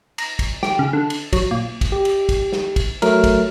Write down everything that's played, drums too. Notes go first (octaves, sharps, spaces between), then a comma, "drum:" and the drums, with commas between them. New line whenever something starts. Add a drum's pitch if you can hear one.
A#5, drum: cymbal
drum: kick, cymbal
G4, drum: snare
C#3
D3
drum: cymbal
F#3, drum: kick, cymbal
A#2
drum: kick, cymbal
G4
drum: cymbal
drum: kick, cymbal
drum: snare
drum: kick, cymbal
F#3 A3 A#4, drum: cymbal
drum: kick, cymbal